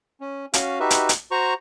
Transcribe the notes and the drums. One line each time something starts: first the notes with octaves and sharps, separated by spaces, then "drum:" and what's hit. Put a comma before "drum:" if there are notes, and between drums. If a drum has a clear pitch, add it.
C#4
C#4 F#4 F5, drum: hi-hat
D#4 F#4 G4 B4 E5
drum: hi-hat
drum: hi-hat
F#4 C5 A#5 C#6